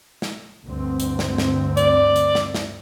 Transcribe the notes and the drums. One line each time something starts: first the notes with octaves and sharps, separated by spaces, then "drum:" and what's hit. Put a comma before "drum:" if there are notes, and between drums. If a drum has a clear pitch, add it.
drum: snare
D2 G2 C4
drum: hi-hat
drum: snare
drum: snare
D5, drum: hi-hat
drum: hi-hat
drum: snare
drum: snare